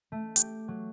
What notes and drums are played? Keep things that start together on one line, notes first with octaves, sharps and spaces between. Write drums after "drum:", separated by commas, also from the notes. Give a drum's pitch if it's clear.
A3
G4, drum: hi-hat
F#3